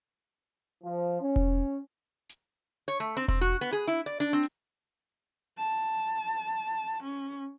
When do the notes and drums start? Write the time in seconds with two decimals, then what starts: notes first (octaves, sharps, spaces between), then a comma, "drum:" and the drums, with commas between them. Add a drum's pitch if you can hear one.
0.84 F3
1.22 C#4
1.36 drum: kick E1
2.29 drum: hi-hat
2.88 C#5
3.00 A3
3.17 C4
3.28 C4, drum: kick E1
3.41 F#4
3.61 B3
3.73 G#4
3.87 E4
4.06 D5
4.20 D4
4.33 C4
4.42 drum: hi-hat
5.57 A5
7.03 C#4